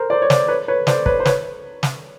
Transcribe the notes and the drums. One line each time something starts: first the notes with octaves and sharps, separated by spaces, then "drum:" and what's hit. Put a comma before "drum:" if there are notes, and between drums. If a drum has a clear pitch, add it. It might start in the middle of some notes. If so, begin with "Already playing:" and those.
Already playing: A#4 C5
C5 D5
C#5
C5 D5, drum: snare
B4 C#5
B4 C#5
C5 D5, drum: snare
B4 C#5, drum: kick
C5
B4 C#5, drum: snare
drum: snare